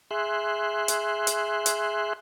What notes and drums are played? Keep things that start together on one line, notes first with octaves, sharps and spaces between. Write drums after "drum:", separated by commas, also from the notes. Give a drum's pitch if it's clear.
G#4 E5 C6 F#6
drum: hi-hat
drum: hi-hat
drum: hi-hat